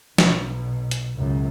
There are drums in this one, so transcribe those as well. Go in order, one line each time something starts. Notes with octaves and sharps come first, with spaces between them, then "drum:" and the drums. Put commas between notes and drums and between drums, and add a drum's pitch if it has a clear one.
B1 B2, drum: snare
drum: hi-hat
C#2 F#2